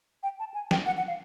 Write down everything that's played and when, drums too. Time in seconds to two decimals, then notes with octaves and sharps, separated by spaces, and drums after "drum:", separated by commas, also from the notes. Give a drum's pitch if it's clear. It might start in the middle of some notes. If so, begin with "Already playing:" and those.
0.23 G5
0.40 A5
0.54 G#5
0.71 G5, drum: snare
0.86 F#5
0.97 F#5
1.07 F5